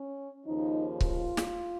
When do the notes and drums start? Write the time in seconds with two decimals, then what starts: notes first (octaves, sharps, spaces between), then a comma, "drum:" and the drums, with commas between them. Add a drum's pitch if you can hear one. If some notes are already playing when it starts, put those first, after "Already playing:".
Already playing: C#4
0.45 D#2 C#3 F3 D#4
1.01 F4, drum: kick C#1
1.37 drum: snare